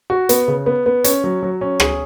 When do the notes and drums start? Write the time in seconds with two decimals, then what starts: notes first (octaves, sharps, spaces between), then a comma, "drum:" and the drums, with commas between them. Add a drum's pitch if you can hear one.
0.10 F#4
0.29 B3, drum: hi-hat
0.48 C#3
0.66 B3
0.86 B3
1.04 C#4, drum: hi-hat
1.24 F#3
1.42 F#3
1.61 C#4
1.80 G#4, drum: rim click